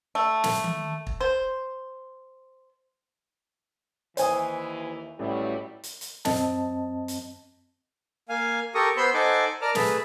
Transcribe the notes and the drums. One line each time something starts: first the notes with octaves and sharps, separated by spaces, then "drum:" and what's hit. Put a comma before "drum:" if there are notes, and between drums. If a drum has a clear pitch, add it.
A3
drum: snare
drum: tom D#3
drum: kick
C5
D#2 E3 C5 G#5 D#6, drum: hi-hat
A1 F#3 G3 A3 E4
drum: hi-hat
drum: hi-hat
F#2 C4 D#5 A5, drum: snare
drum: hi-hat
A#3 F5 G#5
G4 A4 A#4 C#6 D#6
B3 C5 B5 C6 E6 G6
D#4 A4 C5 F#5 G#5 D6
A#4 D5 A5 A#5 D6 F6
A3 G#4 B4 A5 B5, drum: snare